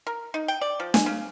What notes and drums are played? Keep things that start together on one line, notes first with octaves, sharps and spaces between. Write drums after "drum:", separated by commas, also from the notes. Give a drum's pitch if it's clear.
A#4
D#4
G5
D5
F3
G#5, drum: snare
C#3